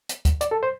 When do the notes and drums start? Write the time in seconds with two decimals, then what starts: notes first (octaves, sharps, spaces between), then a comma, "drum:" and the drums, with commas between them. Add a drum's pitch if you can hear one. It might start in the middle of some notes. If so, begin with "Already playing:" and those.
0.09 drum: hi-hat
0.25 drum: kick, hi-hat
0.41 D5, drum: hi-hat
0.51 A4
0.63 C5